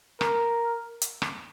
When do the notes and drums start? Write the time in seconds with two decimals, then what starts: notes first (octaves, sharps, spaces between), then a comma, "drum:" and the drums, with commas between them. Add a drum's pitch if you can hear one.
0.21 A#4, drum: rim click
1.02 drum: hi-hat
1.22 drum: rim click